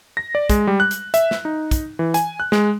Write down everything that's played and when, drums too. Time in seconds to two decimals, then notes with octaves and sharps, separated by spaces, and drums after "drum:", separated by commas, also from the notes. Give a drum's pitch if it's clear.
0.17 A#6
0.35 D5
0.49 G#3, drum: kick, hi-hat
0.67 G3
0.80 F#6
0.91 drum: hi-hat
1.14 E5, drum: hi-hat
1.31 drum: snare
1.45 D#4
1.71 drum: kick, hi-hat
1.99 E3
2.14 G#5, drum: hi-hat
2.40 F#6
2.52 G#3, drum: snare